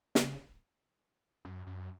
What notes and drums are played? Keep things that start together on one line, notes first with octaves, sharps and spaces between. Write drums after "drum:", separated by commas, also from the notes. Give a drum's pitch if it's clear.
C#3, drum: snare
F#2
F#2